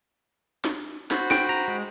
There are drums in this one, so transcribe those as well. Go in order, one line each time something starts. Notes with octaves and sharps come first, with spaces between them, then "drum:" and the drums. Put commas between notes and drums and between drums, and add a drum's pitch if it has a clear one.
drum: snare
F#4 C5 B5, drum: snare
G5, drum: snare
A#5
G#3